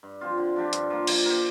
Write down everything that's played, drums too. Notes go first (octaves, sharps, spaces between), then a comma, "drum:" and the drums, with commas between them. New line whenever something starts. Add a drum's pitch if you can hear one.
G2
F3 C4 F4
D3
F3 D4 G4
G2, drum: hi-hat
F3 A#3
F3, drum: cymbal
A#3 G4